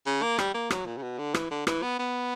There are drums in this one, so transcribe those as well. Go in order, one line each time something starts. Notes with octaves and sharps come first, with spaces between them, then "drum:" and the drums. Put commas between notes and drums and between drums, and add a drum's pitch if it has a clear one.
C#3
A#3
G3, drum: rim click
A#3
F#3, drum: rim click
A#2
C#3
B2
D3
E3, drum: rim click
D3
E3, drum: rim click
B3
B3